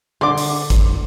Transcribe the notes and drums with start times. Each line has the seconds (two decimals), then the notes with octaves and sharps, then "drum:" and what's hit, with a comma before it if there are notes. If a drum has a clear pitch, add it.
0.21 D3 C6 D6
0.38 drum: open hi-hat
0.70 drum: kick G#1, hi-hat